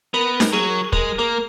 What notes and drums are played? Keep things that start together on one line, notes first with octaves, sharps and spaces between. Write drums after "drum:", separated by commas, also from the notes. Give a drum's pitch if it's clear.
B3 A#4
drum: snare D#4
F#3 G#4
G#3 A#4, drum: kick
A#3 A#4